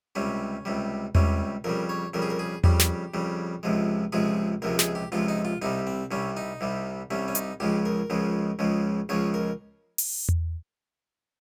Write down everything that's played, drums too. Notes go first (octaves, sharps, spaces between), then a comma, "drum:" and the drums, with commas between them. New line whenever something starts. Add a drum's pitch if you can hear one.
C#2 C3 G3 C#4
C#2 C3 G3
C#2 C3 G3 C#4, drum: tom E2
F2 C#3 G3 A#4
C#5
F2 C#3 G3 A#4
G#4
A#4
G#4
F2 C#3 G3 G4, drum: tom E2
drum: snare
F2 C#3 G3
C#2 C3 F3 G#3
C#2 C3 F3 G#3 G#4
C#2 C3 F3 G#3 A#4
G#4, drum: snare
G4
C#2 C3 F3 G#3 F4
D#4
F4
C2 C3 G3 D#4
C4
C2 C3 G3 C#4
D#4
C2 C3 G3
C2 C3 G3 C#4
C#4
D#4, drum: hi-hat
C#2 C#3 F3 G#3 G4
A#4
C#2 C#3 F3 G#3
C#2 C#3 F3 G#3
C#2 C#3 F3 G#3 C#5
A#4
drum: open hi-hat
drum: tom E2